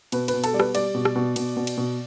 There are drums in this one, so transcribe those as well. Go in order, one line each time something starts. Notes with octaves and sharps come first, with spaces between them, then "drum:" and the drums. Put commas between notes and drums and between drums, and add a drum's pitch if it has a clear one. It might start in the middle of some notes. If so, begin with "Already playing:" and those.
B2 B4, drum: cymbal
B4, drum: cymbal
B2
A4, drum: cymbal
G3 D5
B4, drum: rim click
G3 D5, drum: cymbal
B2
drum: rim click
B2
B2, drum: cymbal
B2
drum: cymbal
B2